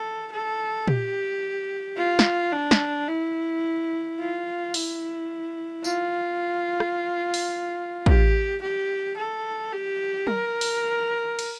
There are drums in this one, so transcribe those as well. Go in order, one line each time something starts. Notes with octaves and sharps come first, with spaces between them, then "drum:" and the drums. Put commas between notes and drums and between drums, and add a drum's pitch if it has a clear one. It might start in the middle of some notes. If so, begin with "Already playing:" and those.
Already playing: A4
A4
G4, drum: tom A#2
F4
drum: snare
D4
drum: snare
E4
F4
E4, drum: open hi-hat
F4, drum: tambourine
drum: rim click
drum: open hi-hat
G4, drum: kick
G4
A4
G4
A#4, drum: tom F#3
drum: open hi-hat
drum: cymbal